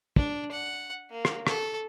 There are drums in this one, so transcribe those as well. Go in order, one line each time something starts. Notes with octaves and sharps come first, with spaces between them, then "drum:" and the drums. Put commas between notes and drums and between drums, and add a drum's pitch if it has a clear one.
D4, drum: kick
F#5
A#3
drum: rim click
A4, drum: rim click